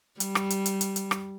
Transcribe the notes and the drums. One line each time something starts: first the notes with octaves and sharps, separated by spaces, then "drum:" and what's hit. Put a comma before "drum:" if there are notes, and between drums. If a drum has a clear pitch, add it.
G3, drum: hi-hat
drum: rim click
drum: hi-hat
drum: hi-hat
drum: hi-hat
drum: hi-hat
drum: rim click